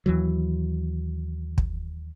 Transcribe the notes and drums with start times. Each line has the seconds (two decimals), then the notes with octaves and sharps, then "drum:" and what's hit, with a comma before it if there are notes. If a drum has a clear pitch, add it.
0.06 D#2 E3 F#3
1.58 drum: kick